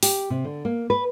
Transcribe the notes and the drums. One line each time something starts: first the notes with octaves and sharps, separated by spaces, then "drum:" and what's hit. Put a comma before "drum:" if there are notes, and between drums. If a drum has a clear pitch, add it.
G4, drum: open hi-hat
C3
D3
A#3
B4